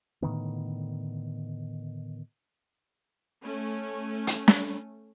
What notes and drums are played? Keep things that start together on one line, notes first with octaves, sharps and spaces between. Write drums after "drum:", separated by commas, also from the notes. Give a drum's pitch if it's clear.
A2 D3 D#3 B3
A3 C#4
drum: hi-hat
drum: snare